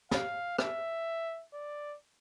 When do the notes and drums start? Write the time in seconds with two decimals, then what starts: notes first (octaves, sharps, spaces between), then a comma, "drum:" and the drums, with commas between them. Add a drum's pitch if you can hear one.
0.11 F5, drum: snare
0.58 E5, drum: rim click
1.53 D5